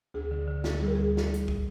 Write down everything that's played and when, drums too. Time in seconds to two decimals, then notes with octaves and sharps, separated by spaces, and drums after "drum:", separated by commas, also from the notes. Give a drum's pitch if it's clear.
0.14 D2 G#4
0.31 D3
0.48 D3
0.64 D2, drum: snare
0.81 G3 G#4
0.88 A#4
0.95 D2 G#4
1.17 drum: snare
1.34 drum: hi-hat
1.48 drum: kick